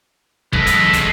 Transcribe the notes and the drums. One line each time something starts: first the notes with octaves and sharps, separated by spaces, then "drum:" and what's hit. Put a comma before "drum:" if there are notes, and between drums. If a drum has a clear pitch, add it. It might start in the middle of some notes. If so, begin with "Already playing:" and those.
G#3 A4 B4, drum: kick
drum: hi-hat
drum: snare
drum: kick, hi-hat